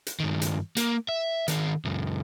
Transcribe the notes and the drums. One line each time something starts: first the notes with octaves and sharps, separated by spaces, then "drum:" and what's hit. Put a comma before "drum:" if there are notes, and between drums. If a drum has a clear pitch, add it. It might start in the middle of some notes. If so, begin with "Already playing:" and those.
drum: hi-hat
G2 D#3
drum: hi-hat
A#3, drum: hi-hat
E5
D#3 G#4, drum: hi-hat
C#2 F#2